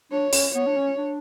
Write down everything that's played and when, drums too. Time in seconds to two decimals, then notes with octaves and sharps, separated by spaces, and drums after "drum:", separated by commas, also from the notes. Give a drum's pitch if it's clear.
0.12 D4 C#5
0.33 C#4, drum: open hi-hat
0.54 B3 C#5
0.67 D4
0.76 C#4
0.98 D4